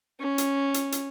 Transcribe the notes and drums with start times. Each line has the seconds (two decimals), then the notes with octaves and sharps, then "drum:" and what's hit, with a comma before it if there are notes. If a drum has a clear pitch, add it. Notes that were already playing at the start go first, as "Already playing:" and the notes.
0.21 C#4
0.38 drum: hi-hat
0.74 drum: hi-hat
0.92 drum: hi-hat